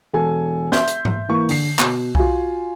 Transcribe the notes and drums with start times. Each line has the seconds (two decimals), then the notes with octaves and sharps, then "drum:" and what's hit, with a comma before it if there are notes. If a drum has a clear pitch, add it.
0.13 E1 A4 G#5
0.72 E5 C6 G6, drum: snare
0.88 drum: hi-hat
1.05 drum: tom G#2
1.29 E3 A#3 C#6
1.49 D3 C7, drum: open hi-hat
1.79 B2, drum: clap
2.15 F4 F#4 G#5, drum: kick B1